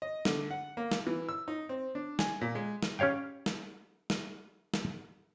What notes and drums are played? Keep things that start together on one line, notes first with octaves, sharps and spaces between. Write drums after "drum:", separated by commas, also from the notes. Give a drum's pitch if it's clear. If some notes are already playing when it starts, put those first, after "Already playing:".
D#5
D3, drum: snare
F#5
A#3
drum: snare
E3
E6
D#4
C4
D4
G#5, drum: snare
A#2
G#3
drum: snare
C#4 G4 C#5 F5 G5
drum: snare
drum: snare
drum: snare